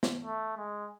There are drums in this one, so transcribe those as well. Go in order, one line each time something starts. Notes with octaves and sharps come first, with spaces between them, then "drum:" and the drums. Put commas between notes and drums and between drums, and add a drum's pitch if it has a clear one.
drum: snare
A3
G#3